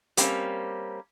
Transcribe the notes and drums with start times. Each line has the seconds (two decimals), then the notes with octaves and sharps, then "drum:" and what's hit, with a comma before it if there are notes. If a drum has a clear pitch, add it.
0.17 G3 A#3 C4 C#4, drum: hi-hat